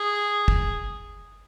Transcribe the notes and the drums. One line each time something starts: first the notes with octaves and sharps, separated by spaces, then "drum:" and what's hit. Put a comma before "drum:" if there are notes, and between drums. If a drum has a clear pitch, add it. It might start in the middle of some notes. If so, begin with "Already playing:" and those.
Already playing: G#4
drum: kick